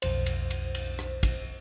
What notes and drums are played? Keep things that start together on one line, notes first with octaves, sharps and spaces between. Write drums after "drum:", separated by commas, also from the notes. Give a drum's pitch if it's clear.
B1 F2 C5, drum: cymbal
drum: cymbal
drum: cymbal
drum: cymbal
drum: rim click
drum: kick, cymbal